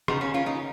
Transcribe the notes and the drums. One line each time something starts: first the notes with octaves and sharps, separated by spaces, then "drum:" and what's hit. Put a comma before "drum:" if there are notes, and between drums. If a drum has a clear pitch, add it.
C#3 B3 D#4, drum: rim click
C#4 F4
A#3 C#4 F4
B3 D#4